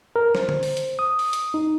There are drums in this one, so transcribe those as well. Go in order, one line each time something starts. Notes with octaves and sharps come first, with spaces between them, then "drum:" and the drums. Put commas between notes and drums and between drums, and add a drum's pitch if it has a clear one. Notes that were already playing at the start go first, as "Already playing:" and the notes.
A#4
C5, drum: snare
drum: tom D3
drum: open hi-hat
drum: hi-hat
D#6
drum: open hi-hat
drum: hi-hat
D#4